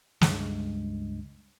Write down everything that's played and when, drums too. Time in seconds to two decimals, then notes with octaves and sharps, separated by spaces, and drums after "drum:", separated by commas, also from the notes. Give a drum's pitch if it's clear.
0.21 C#2 G2 G#3, drum: snare